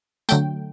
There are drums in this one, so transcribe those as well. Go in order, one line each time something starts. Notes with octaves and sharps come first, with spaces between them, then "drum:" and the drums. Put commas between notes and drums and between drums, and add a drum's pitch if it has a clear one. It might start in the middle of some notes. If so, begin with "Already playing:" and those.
D3 F#3 A3 G5, drum: tambourine